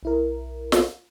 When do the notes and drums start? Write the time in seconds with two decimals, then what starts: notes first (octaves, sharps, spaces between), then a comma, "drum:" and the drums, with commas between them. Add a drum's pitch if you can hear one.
0.03 B1 E4 A#4
0.72 drum: snare